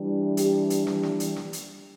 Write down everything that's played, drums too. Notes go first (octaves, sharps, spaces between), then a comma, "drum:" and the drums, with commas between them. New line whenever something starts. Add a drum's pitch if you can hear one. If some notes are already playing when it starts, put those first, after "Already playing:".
Already playing: E3 G3 D4
G4, drum: hi-hat
drum: hi-hat
drum: snare
drum: snare
drum: hi-hat
drum: snare
drum: hi-hat